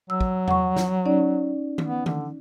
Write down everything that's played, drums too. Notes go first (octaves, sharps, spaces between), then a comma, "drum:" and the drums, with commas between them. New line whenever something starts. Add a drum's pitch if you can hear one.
F#3 E6
drum: kick
F#5 C#6, drum: tom E2
drum: snare
C#4 D#4 D5
drum: tom D#3
B3
D3, drum: tom D#3